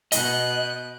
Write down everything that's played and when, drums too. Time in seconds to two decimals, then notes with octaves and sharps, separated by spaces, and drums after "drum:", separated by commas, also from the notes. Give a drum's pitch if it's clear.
0.12 B2 D#5 F#6 G6, drum: hi-hat